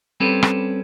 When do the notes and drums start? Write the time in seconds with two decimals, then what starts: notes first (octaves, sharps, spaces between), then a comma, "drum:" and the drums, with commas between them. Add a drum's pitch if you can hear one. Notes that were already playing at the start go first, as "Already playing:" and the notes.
0.20 G3 C4 C#4 G4 A4 B4
0.43 drum: rim click